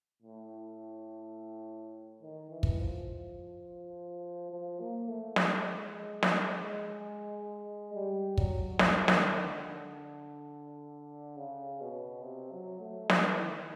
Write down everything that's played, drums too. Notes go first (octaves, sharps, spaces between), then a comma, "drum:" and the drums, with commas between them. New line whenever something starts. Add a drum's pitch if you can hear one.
A2
D#3
E3
drum: kick
F3
F3
A#3
A3
G#3, drum: snare
G#3, drum: snare
G3
F#3, drum: kick
F3, drum: snare
D#3, drum: snare
D3
C#3
B2
C3
F#3
A3
E3, drum: snare
D#3